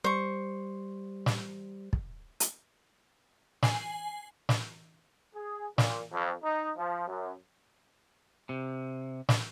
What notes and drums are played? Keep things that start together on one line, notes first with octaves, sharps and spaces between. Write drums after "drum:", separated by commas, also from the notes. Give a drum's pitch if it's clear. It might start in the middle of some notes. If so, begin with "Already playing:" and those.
G3 C5 C#6
drum: snare
drum: kick
drum: hi-hat
G#5 C7 F#7, drum: snare
drum: snare
G#4
A#2, drum: snare
F2
D#4
F3
F#2
C3
drum: snare